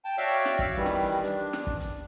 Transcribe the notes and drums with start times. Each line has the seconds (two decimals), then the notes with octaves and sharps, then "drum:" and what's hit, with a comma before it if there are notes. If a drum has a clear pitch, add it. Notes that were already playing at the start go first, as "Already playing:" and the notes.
0.05 G5 A5
0.18 F#4 C#5 D5 E5 F5 G5, drum: hi-hat
0.45 drum: snare
0.59 drum: kick
0.76 D#3 E3 G3
0.86 drum: snare
0.99 drum: hi-hat
1.24 D4, drum: hi-hat
1.53 drum: snare
1.67 drum: kick
1.80 drum: hi-hat